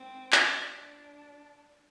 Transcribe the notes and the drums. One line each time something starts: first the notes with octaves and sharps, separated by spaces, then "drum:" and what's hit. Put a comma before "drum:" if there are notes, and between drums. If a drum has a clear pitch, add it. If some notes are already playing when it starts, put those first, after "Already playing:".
Already playing: C4
D4, drum: clap